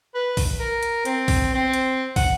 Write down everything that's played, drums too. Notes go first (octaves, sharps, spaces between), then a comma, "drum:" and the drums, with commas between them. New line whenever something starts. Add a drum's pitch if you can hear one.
B4
drum: kick, open hi-hat
A#4
drum: hi-hat
C4, drum: hi-hat
drum: kick, open hi-hat
C4
drum: hi-hat
F#5, drum: kick, open hi-hat